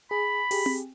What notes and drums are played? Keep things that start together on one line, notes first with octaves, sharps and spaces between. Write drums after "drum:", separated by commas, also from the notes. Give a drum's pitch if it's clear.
G#4 B5
G4 G#4, drum: open hi-hat
drum: tom C4